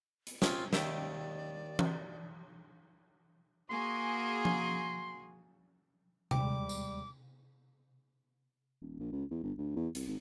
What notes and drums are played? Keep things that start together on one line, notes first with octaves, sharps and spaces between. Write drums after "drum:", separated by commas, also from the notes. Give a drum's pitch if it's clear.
drum: hi-hat
C4 C#4 D#4 F4, drum: snare
D#2 D#3 D5 E5 G5, drum: snare
drum: tom E3
A#3 F#4 G#4 C6
drum: tom F3
D#2 G3 G#3 G5 D6, drum: tom C3
drum: tambourine
D#1
A#1
C#2
E2
G1
D2
E2
C2, drum: hi-hat
G#1